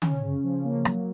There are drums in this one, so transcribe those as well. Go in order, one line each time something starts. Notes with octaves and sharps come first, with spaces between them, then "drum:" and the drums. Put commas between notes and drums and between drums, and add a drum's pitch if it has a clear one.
C#4, drum: tom D3
C#3
F3
A#3
F#3, drum: rim click